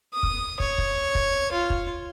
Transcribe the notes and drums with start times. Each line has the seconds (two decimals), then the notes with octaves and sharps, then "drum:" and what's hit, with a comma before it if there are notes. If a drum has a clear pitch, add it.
0.14 D#6
0.23 drum: kick
0.60 C#5, drum: kick
0.78 drum: kick
1.15 drum: kick
1.52 F4
1.70 drum: kick